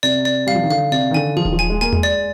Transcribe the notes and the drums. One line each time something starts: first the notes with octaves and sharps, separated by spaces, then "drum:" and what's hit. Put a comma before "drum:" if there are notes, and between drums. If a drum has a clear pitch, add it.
C3 D5
D5
G3 F5
F3
D#3
D3 F5
C3 D5
D#3
D3 G#5
F3 G#4
D#3, drum: kick D#1
F3
G#5
G#3
A#3 G#5
G#3, drum: tom E2
D5